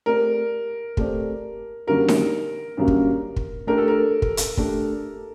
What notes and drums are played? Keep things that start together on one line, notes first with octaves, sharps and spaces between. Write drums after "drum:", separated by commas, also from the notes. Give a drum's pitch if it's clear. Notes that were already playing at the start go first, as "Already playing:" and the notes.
A3 C4 G4 A#4 D5
A3 C4 G4 D5, drum: kick
F#2 D3 G3 A#3 F#4 A#4
drum: snare D#4
F#2 D3 G3 A#3 F#4
drum: kick
drum: kick
A3 D4 G4 A#4
A4
A#4
drum: kick
drum: hi-hat
A3 D4 G4, drum: kick